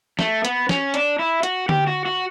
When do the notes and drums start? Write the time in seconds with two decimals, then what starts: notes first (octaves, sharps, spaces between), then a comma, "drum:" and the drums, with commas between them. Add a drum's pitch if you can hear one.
0.19 A3, drum: snare
0.45 B3, drum: hi-hat
0.69 C#4, drum: snare
0.94 D4, drum: hi-hat
1.19 E4
1.43 F#4, drum: hi-hat
1.69 G4, drum: tom D3
1.87 F#4
2.06 F#4